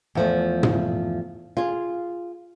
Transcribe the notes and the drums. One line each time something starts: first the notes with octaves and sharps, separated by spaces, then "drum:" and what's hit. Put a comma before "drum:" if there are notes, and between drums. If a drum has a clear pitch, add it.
E2 F3 A3
drum: tom
F4 G#4